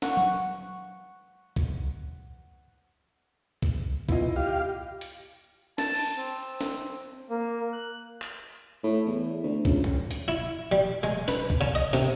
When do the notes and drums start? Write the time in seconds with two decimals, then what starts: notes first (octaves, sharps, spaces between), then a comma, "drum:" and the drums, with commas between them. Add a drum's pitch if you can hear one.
0.02 F#5 C#6, drum: snare
0.17 drum: tom F#3
1.56 drum: kick C2
3.62 drum: kick C2
4.09 B2 E4 F4 D#5, drum: kick C2
4.36 G4 F5
5.01 drum: hi-hat
5.78 A5, drum: snare
5.94 drum: cymbal
6.16 C4
6.61 drum: snare
7.30 A#3
7.73 F#6
8.22 drum: clap
8.84 A2
9.07 E2, drum: tambourine
9.43 D2
9.65 C#2, drum: kick C2
9.84 drum: tom A2
10.11 drum: hi-hat
10.28 E4
10.72 G3
11.03 G#3
11.28 B4, drum: snare
11.50 drum: kick C2
11.61 C#3
11.75 D#5
11.93 C3, drum: snare